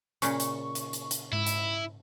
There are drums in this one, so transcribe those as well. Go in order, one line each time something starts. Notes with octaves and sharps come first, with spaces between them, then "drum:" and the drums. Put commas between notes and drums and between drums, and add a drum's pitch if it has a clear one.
A#2 C#3 C#6, drum: hi-hat
drum: hi-hat
drum: hi-hat
drum: hi-hat
drum: hi-hat
G#2 E4
drum: hi-hat